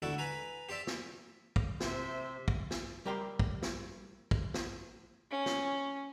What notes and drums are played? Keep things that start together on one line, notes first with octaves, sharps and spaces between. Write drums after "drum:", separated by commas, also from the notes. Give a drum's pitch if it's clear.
D2 E4 F#4 A4 D5
B4 G#5 A#5 B5
G4 C5 D5 E5
drum: snare
drum: kick
C3 C5 E5, drum: snare
drum: kick
drum: snare
G3 G4 A#4 G5 A#5 C6
drum: kick
drum: snare
drum: kick
drum: snare
C#4
drum: snare